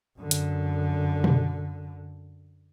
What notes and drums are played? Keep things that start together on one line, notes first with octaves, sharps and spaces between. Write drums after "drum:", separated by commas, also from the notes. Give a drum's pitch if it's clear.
F#2 D3
drum: hi-hat
drum: tom B2